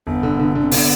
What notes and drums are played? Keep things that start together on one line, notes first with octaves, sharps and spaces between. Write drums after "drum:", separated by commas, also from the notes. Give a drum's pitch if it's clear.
G1 B3
D3
D3
D3
C4
D3 B3, drum: open hi-hat